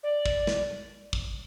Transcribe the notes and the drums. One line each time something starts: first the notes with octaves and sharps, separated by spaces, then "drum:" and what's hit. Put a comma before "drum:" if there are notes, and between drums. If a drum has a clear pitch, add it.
D5
drum: kick
drum: snare
drum: kick